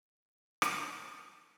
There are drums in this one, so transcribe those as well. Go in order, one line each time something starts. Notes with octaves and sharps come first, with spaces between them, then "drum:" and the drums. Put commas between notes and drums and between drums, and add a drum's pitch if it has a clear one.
C2 A3 E6
drum: rim click
F3